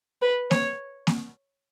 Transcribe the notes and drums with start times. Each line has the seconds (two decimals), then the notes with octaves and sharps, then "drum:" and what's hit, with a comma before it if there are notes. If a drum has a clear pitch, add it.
0.22 B4
0.51 C#5, drum: snare A#3
1.07 drum: snare A#3